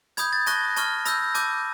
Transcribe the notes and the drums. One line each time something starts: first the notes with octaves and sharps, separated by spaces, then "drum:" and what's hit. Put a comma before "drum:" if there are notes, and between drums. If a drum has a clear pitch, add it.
B5 D#6 G6 G#6, drum: hi-hat
A6
A5 C#6 F#6 A#6, drum: hi-hat
A5 C#6 F6, drum: hi-hat
B5 E6 G6 A#6, drum: hi-hat
A5 D6 G6, drum: hi-hat